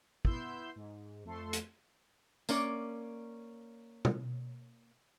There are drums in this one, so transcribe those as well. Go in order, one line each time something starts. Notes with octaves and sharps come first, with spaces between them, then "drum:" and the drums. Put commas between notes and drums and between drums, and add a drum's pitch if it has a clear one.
B3 E4 C6 E6 G6, drum: kick
G#2
F2 A3 A4 C6
drum: hi-hat
A#3 C#4 D5, drum: tambourine
drum: tom